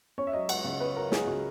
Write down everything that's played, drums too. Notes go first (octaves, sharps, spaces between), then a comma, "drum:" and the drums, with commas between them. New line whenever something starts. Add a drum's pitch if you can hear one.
C#4 C#5
E5
F#3 D#5
C#2 F#5, drum: cymbal
C#3
C#4 B4
F#3 A#4
C#2 G#4, drum: snare
C#3 F#4